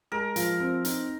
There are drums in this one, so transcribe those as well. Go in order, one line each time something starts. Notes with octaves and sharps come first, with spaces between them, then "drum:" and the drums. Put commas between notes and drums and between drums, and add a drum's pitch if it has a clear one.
G#3 A#4
F3, drum: hi-hat
C4
D#4, drum: hi-hat